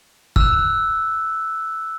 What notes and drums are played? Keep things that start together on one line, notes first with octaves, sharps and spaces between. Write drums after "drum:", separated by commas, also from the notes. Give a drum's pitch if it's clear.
E6 F#6, drum: kick